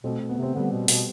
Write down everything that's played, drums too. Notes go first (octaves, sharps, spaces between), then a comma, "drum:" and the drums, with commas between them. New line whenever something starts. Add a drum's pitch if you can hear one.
B2 A3 C4
B2
B3
C3
C4
D3 G3 B3
B2
B2, drum: open hi-hat